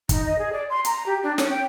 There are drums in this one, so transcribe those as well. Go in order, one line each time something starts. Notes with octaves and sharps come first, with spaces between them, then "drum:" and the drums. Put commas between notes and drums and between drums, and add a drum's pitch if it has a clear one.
D#4, drum: kick, hi-hat
D#5
G#4
D5
C6
A#5, drum: hi-hat
G4
D4
C#4, drum: snare
G5